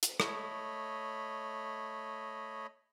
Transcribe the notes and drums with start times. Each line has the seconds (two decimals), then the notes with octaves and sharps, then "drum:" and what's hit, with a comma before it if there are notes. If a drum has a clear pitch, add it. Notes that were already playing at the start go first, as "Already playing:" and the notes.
0.03 drum: hi-hat
0.20 A3 C#5 D#5 B5, drum: rim click